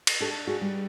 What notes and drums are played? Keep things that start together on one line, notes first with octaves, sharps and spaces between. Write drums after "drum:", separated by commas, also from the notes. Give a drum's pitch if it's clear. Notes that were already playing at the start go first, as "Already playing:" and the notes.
drum: cymbal
D4 G4 A4
F#4 G#4
G3